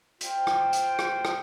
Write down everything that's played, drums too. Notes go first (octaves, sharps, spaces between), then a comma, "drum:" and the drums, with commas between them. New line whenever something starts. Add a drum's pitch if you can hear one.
F4 C5 G5, drum: hi-hat
drum: rim click
drum: hi-hat
drum: rim click
drum: rim click